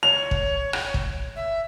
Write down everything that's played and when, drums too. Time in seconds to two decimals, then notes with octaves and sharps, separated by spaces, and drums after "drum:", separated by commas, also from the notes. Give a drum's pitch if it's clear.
0.03 C#5 F7
0.31 drum: kick
0.73 drum: rim click
0.94 drum: kick
1.36 E5